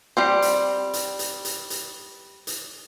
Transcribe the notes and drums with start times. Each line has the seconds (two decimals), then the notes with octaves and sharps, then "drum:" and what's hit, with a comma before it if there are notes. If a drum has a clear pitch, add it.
0.17 G3 C4 C5
0.42 drum: hi-hat
0.93 drum: hi-hat
1.19 drum: hi-hat
1.45 drum: hi-hat
1.70 drum: hi-hat
2.47 drum: hi-hat